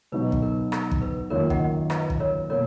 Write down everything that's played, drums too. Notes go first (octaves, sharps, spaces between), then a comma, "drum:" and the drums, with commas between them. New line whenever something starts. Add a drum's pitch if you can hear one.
B2 F#3 B3 D#4 F#4 B4
drum: kick
A#4
A#4, drum: rim click
drum: kick
B4
F#2 D#3 A#3 F4 A#4 C#5
D#5 F#5, drum: kick
B4 D#5, drum: rim click
drum: kick
A#4 C#5
B2 A#3 A#4 C#5